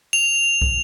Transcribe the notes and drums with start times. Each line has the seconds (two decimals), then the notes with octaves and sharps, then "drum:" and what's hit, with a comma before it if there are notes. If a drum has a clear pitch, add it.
0.13 F7
0.62 drum: kick